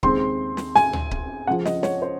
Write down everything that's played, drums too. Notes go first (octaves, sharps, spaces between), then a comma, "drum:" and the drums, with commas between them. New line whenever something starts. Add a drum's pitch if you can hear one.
D#2 C#3 G#3 C4 C6, drum: kick C#1
drum: snare
G#5, drum: snare
drum: tom D2
drum: kick C#1
C#2 C#3 F3 F#5
D#5, drum: snare
C#5, drum: snare
C5